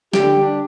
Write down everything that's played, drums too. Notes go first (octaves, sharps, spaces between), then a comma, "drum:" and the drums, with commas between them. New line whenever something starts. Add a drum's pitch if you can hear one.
D3 G4, drum: snare
G3 D4